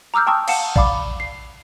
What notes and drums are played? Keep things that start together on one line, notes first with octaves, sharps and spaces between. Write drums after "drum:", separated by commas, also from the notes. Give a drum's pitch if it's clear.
A#5 D6 E6 F6 G6
G5 A5 C#6 D#6 E6
F5 F#5 A5 C#7 E7, drum: cymbal
D5 F5 B5 D6, drum: kick
C7